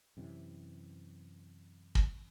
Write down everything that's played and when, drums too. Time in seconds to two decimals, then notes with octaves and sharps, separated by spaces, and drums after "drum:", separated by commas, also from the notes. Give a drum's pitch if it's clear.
0.17 F#2 C3 E3
1.95 drum: kick